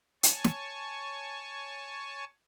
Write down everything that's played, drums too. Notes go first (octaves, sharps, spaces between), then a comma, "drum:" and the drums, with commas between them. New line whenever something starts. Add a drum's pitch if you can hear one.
C#5 G#5 A5 C#6, drum: hi-hat
drum: snare